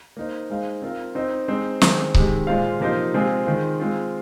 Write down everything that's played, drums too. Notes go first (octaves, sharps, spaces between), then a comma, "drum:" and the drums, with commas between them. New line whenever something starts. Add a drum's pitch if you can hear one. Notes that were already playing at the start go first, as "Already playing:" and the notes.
A#3 D#4 C5
G#3 D#4 C5 F5
C4 F4 A#4 F5
C4 D#4 C5 D#5
G#3 C4 D#4 C5
D#3 G#3 C4 D#4, drum: snare
C3 D#3 G#3, drum: kick C#1
A#2 G#3 F4 C5 F5
C3 F3 A#3 D#4 C5
C3 G#3 C4 F4 G#4
D#3 G#3 F4 C5 F5
G#3 C4 F4